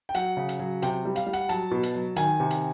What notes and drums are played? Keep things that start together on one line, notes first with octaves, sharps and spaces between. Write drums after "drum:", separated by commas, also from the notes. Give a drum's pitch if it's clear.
G5
F#3 F#5, drum: hi-hat
C#3
drum: hi-hat
F#3
C3 G5, drum: hi-hat
G3
F5, drum: hi-hat
G3
F#5, drum: hi-hat
F#3 A5, drum: hi-hat
B2
drum: hi-hat
F#3
D#3 G#5, drum: hi-hat
C3
drum: hi-hat